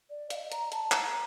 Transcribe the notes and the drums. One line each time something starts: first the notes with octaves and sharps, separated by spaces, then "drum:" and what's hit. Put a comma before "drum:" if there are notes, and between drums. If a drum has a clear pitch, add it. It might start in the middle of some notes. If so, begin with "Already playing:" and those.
D5
F5, drum: hi-hat
D#5
A#5, drum: hi-hat
A5, drum: hi-hat
A#5, drum: clap